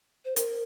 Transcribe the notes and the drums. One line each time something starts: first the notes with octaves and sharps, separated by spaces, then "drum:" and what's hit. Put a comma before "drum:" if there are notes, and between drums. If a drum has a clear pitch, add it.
C5
A#4, drum: hi-hat